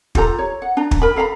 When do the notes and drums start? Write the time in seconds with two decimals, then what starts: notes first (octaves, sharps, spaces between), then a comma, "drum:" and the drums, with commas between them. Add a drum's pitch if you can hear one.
0.15 F4 G4 A4 A#5, drum: kick
0.38 C#5
0.62 F#5
0.77 D4 A#5
0.91 drum: kick
1.02 A#4 B5
1.16 A4 F5 A#5 B5